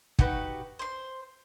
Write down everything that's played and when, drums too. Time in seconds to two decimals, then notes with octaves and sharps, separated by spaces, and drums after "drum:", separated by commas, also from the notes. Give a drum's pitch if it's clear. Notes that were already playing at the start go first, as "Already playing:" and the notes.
0.19 D#4 F#4 G4 B4, drum: kick
0.79 C5 C6